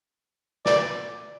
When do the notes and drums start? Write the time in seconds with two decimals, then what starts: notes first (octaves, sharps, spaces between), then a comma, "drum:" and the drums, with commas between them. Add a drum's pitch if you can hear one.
0.66 D5, drum: snare